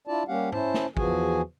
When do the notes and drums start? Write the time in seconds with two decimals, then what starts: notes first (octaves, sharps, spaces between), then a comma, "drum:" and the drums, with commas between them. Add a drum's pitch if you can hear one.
0.07 D4 E4 F4 D5 A5
0.28 G3 A#3 C#4 G4 F5 F#5
0.52 C#4 E4 C5 A5, drum: tom
0.74 drum: snare
0.97 E2 E3 F3 F#4 G#4 G#5, drum: kick